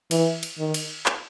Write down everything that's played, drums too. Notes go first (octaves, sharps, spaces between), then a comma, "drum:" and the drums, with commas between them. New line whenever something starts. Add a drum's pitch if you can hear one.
E3, drum: cymbal
drum: cymbal
D#3
drum: cymbal
drum: clap